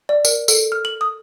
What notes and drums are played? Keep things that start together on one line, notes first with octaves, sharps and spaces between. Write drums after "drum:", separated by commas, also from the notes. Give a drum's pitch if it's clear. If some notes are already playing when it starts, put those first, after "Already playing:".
D5
A#4, drum: tambourine
A4, drum: tambourine
F6
F#7
D#6